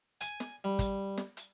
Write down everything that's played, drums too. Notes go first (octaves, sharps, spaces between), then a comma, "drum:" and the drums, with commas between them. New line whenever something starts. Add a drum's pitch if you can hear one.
G#5, drum: hi-hat
drum: snare
G3
drum: kick, hi-hat
drum: snare
drum: hi-hat